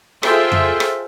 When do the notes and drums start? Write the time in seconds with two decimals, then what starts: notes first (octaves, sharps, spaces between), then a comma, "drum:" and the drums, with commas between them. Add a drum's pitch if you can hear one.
0.23 F4 G#4 A4 C5 E5 G5, drum: rim click
0.52 drum: tom F2
0.80 drum: rim click